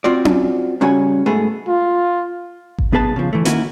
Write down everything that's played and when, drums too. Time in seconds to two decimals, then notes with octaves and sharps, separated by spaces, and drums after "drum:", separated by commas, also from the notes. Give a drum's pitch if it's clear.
0.04 C4 F4 F#4 D5
0.25 drum: tom C#4
0.81 C#3 G3 C#4 F#4 C#5 G#5
1.26 G#2 A3 B3 G#4
1.68 F4
2.78 drum: kick G#1
2.92 B1 B3 G#4 B4 A5
3.16 C#3 F3
3.33 E3 A3
3.45 D#3 A#3 C#4 E4 F#4 B4, drum: hi-hat